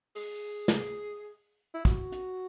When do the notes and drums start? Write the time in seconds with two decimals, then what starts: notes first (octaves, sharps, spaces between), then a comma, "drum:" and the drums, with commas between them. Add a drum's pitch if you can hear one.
0.15 G#4, drum: open hi-hat
0.68 drum: snare
1.74 E4
1.85 F#4, drum: kick
2.12 drum: hi-hat